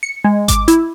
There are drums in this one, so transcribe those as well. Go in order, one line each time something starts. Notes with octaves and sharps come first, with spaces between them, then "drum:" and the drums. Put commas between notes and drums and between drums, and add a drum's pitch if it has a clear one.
C#7
G#3
D6, drum: kick G#1, hi-hat
E4, drum: hi-hat